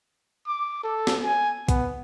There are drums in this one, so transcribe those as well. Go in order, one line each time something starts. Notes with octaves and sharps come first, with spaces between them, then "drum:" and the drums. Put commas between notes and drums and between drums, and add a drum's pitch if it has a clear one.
D6
A4
drum: snare
G#5
B3, drum: kick, hi-hat